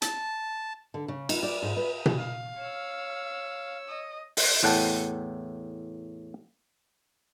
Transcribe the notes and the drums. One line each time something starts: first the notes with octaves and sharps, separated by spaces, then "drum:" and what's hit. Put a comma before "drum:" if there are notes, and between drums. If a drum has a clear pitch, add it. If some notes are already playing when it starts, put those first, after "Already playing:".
A5, drum: hi-hat
D3
C#3
D#4, drum: cymbal
D5
G#2
B4
drum: tom B2
F5
C#5 E6
D#5
drum: open hi-hat
E2 A2 F#5 G5 A5